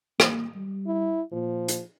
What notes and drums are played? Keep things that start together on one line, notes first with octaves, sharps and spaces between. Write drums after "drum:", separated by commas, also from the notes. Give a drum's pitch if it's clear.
A#3, drum: rim click
G3
E4
A#2 F3
drum: hi-hat